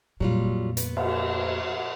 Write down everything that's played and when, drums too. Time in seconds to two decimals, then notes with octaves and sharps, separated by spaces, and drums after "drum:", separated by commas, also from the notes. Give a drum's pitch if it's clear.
0.20 F2 A#2 F#3 G3 F4
0.77 B3, drum: hi-hat
0.97 drum: cymbal